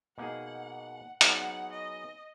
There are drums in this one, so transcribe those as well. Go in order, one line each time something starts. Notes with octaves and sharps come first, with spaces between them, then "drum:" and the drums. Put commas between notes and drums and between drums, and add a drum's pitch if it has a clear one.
B2 A#3 D#4 G#4 F#5
F#3 B3 D#4 G#4 F#5, drum: hi-hat
D#5